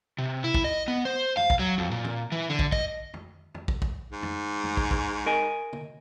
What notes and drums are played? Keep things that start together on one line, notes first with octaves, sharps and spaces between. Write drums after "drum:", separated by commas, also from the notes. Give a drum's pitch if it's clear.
C3
E4
drum: kick
D#5
B3
C5
F5, drum: tom F2
drum: kick
F#3
F2
A#2
drum: tom
E3
D3
drum: kick
D#5, drum: kick
drum: tom F2
drum: tom F2
drum: kick
drum: kick
G#2
drum: tom F2
drum: tom F2
drum: kick
drum: kick
A#4 D#5 G#5
drum: tom